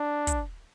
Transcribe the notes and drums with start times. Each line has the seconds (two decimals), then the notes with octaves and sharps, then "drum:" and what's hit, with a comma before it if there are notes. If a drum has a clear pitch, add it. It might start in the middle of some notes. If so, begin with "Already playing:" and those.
Already playing: D4
0.27 drum: kick, hi-hat